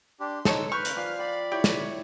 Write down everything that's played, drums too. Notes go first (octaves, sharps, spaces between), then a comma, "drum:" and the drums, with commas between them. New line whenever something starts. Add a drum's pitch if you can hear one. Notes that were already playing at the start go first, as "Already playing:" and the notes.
D4 G4 C6
D#4 A4 C#5 A#5 E6, drum: snare
B4 C#6 F6 G6
drum: hi-hat
F3 D5 F5 G#5
D5 G5 B5
E4 G4 C#5 G5
drum: snare